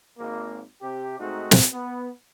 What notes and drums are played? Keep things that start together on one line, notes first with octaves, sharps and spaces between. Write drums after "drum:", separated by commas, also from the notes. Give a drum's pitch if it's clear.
G#1 A#3
C3 G4
G#2 A3 C4 D#4 F#4
drum: snare
B3